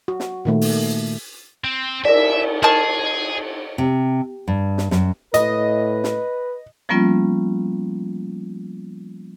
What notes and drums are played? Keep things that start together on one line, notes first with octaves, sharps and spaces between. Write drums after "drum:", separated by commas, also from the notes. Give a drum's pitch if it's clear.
F#4
drum: snare
A#2 D#3 A3
drum: open hi-hat
C4
A#4 D5 E5, drum: cymbal
D#3 G#4 A5
C3
G2
drum: snare
F#2, drum: snare
A2 B4 D#5, drum: hi-hat
drum: snare
F3 G3 A#3 B3 C#4 F4